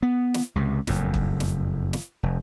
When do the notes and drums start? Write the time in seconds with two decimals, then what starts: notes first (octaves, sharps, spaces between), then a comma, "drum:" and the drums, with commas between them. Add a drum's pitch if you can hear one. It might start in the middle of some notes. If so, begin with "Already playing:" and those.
0.03 B3
0.34 drum: snare
0.56 C#2 C3
0.87 F#1 F2 A2, drum: snare
1.14 drum: kick
1.40 drum: snare
1.93 drum: snare
2.23 F1